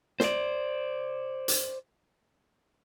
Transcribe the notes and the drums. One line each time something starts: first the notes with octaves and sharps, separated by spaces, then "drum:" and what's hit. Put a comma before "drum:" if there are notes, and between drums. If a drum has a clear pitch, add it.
C5 D5, drum: snare
drum: hi-hat